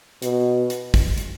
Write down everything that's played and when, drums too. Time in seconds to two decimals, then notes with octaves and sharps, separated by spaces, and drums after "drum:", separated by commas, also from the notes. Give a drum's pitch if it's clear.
0.22 B2, drum: hi-hat
0.70 drum: hi-hat
0.94 drum: kick, open hi-hat
1.18 drum: hi-hat